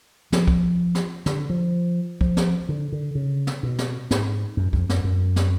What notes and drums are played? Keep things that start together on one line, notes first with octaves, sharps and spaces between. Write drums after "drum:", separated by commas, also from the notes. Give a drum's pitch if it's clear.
F3, drum: snare
drum: kick
drum: snare
D3, drum: snare
F3
F3, drum: kick
drum: snare
D3
D3
C#3
drum: snare
B2
drum: snare
G#2, drum: snare
F#2
F2, drum: kick
F#2, drum: snare
F#2
drum: snare